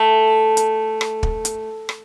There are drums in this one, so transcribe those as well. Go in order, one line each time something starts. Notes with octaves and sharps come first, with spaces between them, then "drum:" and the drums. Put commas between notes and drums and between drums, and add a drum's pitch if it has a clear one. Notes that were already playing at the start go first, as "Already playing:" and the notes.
Already playing: A3
drum: hi-hat
drum: rim click
drum: kick
drum: hi-hat
drum: rim click